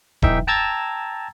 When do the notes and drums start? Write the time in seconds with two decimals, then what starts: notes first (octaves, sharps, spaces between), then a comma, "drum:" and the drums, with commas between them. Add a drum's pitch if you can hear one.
0.22 B1 E3 D#4 E5 G5, drum: kick D#1
0.47 G5 A5 A#5 E6 G#6 A6